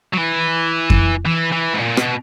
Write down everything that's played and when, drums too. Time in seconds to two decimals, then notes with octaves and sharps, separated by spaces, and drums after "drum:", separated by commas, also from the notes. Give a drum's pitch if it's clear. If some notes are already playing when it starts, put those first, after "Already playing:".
0.14 F#3
0.18 E3
0.90 drum: kick F2
1.26 E3
1.52 E3
1.74 G#2
1.79 A#2
1.97 B2, drum: rim click